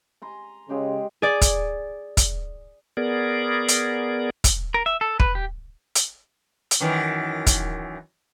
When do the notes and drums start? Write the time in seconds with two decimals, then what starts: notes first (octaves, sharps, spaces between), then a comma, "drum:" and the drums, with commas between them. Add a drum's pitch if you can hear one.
0.22 G#5 A#5 C6
0.69 C#3 G#3 G4 G#4
1.22 G#4 D5
1.41 drum: kick, hi-hat
2.17 drum: kick, hi-hat
2.97 B3 G#4 A#4 D5
3.68 drum: hi-hat
4.44 drum: kick, hi-hat
4.74 A#4
4.86 E5
5.01 A4
5.20 B4, drum: kick
5.35 G4
5.95 drum: hi-hat
6.71 drum: hi-hat
6.80 F#2 D#3 E3
7.47 drum: kick, hi-hat